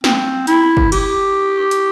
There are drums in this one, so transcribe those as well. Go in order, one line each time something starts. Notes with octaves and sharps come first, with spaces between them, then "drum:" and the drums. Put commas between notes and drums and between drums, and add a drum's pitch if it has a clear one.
C4, drum: snare
E4, drum: hi-hat
drum: kick
G4, drum: cymbal
drum: hi-hat